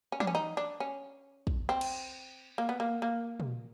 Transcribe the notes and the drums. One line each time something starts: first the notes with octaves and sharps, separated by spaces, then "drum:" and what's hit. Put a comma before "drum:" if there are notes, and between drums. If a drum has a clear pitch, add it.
C#4
D4, drum: tom E3
C#4
D#4
D4
C#4
drum: kick
C4
drum: cymbal
A#3
B3
A#3
A#3
drum: tom